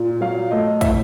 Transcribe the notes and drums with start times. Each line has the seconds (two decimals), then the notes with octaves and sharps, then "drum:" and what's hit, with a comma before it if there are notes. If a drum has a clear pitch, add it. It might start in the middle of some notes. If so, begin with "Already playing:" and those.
Already playing: A#2
0.21 F#3 F5
0.51 A3 D#5
0.81 A2 E5, drum: kick, hi-hat